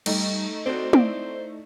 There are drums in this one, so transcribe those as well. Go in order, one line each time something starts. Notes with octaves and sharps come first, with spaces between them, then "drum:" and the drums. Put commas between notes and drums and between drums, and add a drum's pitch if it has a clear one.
G3 A3 D#4, drum: cymbal
C4 F#4 A4 C5 D5
E4 C5 D5, drum: tom